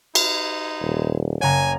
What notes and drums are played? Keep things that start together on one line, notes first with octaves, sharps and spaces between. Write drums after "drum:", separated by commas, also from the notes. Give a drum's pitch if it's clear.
D#4, drum: cymbal
D#1
F#1 C#5 F#5 G#5 A#5